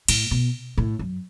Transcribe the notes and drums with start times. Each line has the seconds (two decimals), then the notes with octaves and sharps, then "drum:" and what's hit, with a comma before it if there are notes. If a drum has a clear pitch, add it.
0.08 A2, drum: cymbal
0.31 B2
0.77 A2
0.99 F#2